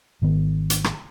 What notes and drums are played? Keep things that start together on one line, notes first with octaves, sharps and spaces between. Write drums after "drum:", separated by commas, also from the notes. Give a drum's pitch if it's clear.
G#1 D#3 B3
drum: hi-hat
drum: rim click